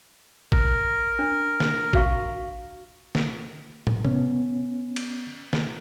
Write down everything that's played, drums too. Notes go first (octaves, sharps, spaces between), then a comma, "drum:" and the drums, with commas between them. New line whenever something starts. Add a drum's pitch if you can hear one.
A#4, drum: kick
D4
drum: snare
F#4 F5 C#6, drum: kick
drum: snare
drum: tom
B3 C#4, drum: tom C3
drum: cymbal
drum: snare